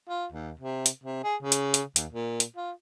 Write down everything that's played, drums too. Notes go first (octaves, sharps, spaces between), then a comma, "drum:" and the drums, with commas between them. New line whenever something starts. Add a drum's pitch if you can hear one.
F4
D#2
C3
drum: hi-hat
C3
G#4
C#3
drum: hi-hat
drum: hi-hat
D#2, drum: hi-hat
A#2
drum: hi-hat
F4